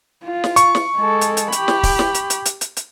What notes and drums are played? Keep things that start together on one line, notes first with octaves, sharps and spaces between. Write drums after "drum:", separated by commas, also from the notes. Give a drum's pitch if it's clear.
F4
drum: snare
C#6, drum: hi-hat
drum: snare
G#3 A4
drum: hi-hat
drum: hi-hat
G4 B5, drum: hi-hat
drum: snare
drum: kick, open hi-hat
drum: snare
drum: hi-hat
drum: hi-hat
drum: hi-hat
drum: hi-hat
drum: hi-hat